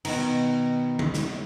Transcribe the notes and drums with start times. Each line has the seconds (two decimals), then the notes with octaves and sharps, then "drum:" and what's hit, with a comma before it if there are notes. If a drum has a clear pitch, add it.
0.05 B2 D#3, drum: cymbal
0.99 drum: tom D3
1.14 drum: snare